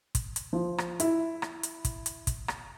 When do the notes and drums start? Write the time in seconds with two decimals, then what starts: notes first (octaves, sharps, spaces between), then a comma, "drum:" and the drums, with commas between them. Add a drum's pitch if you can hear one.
0.15 drum: kick, hi-hat
0.36 drum: hi-hat
0.53 F3
0.78 drum: rim click
1.00 E4, drum: hi-hat
1.42 drum: rim click
1.63 drum: hi-hat
1.85 drum: kick, hi-hat
2.06 drum: hi-hat
2.27 drum: kick, hi-hat
2.48 drum: rim click